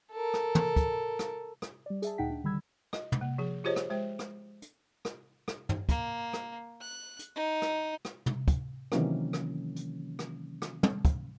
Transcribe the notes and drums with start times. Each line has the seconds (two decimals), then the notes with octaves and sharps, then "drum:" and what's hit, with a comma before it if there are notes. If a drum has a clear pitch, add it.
0.12 A4 A#4
0.34 drum: rim click
0.55 drum: tom
0.76 drum: kick, hi-hat
1.19 drum: rim click
1.62 drum: rim click
1.86 G3 D5
2.02 G#4 E5 A5, drum: hi-hat
2.18 D2 A#2 D#4 F#5 G5 B6
2.31 D4
2.44 D3 D#3 G3 B5 E6 G#6
2.93 D#5, drum: rim click
3.12 drum: tom
3.21 A#3
3.38 F3 G#4
3.64 F4 G4 G#4 C5 C#5 D#5
3.76 drum: rim click
3.90 G#3 C5 G5
4.19 drum: rim click
4.62 drum: hi-hat
5.05 drum: rim click
5.48 drum: rim click
5.69 drum: tom
5.89 A#3, drum: kick, hi-hat
6.33 drum: rim click
6.81 F#6
7.19 drum: hi-hat
7.35 D#4
7.62 drum: rim click
8.05 drum: rim click
8.26 drum: tom
8.48 drum: kick, hi-hat
8.92 C3 D#3 E3 F#3 A#3 C#4, drum: rim click
9.33 drum: rim click
9.76 drum: hi-hat
10.19 drum: rim click
10.62 drum: rim click
10.83 drum: tom
11.05 drum: kick, hi-hat